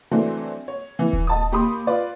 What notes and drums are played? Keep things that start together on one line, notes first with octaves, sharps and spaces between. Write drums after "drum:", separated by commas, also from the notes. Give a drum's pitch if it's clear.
E3 F#3 A3 C4 D4
C#5
E3
drum: kick D#1
D#5 A5 D#6
D#2 G4 B5 C6 D#6
F4 B4 D5